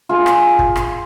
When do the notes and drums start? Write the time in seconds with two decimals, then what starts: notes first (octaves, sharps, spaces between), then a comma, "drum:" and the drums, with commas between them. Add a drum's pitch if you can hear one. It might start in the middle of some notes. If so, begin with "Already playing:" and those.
0.09 F4 G#4
0.26 drum: rim click
0.59 drum: kick
0.76 drum: rim click